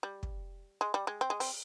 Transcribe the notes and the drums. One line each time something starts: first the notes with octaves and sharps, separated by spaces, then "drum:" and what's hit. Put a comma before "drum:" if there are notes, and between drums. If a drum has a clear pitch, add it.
G3
drum: kick
G#3
G3
G#3
C4
G#3
C4, drum: open hi-hat